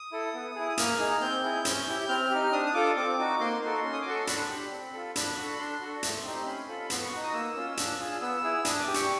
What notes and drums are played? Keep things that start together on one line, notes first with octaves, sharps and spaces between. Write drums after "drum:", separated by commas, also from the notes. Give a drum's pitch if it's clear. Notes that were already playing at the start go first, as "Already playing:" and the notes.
Already playing: D#6
E4 A4
B3
E4 G#4
A#3 F6, drum: hi-hat
D#4 G#4
C4 G6
E4 G#4
C#4, drum: hi-hat
E4 G4
C4 F6
D#4 G4
D4 D#6
D#6
F4 A4 D6
C4 D6
D#4 F#4
A#3 C6
D#4 F#4 A4
C#4
D#6
D6
F#4 A4 C#6
C6
D4 B5, drum: hi-hat
G4
C4
F4 A4
D4 B5, drum: hi-hat
F#4 A4
D4 C6
F#4 A4
A3, drum: hi-hat
C4 D#4 G4
C#4 B5
F4 A4
B3 C6, drum: hi-hat
C#6
D#4 F#4
D#6
A#3 E6
C#4 F4
D4, drum: hi-hat
F4 G#4
B3 E6
E4 G#4
D4 D#6, drum: hi-hat
D6
G4
C#6, drum: hi-hat